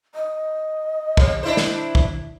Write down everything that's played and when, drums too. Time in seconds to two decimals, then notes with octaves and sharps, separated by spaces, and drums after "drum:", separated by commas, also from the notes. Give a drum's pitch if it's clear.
0.15 D#5
1.17 C3, drum: kick
1.43 D4 E4 C5
1.57 drum: snare
1.95 drum: kick